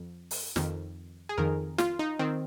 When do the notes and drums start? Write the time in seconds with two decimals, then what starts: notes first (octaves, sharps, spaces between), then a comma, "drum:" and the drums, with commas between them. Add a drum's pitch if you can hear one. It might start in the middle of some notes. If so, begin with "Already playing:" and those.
Already playing: F2
0.31 drum: open hi-hat
0.56 F2 D#3, drum: snare
1.29 G#4
1.38 F2 D#3 A#4
1.78 F4, drum: snare
1.99 D#4
2.19 D#3 C4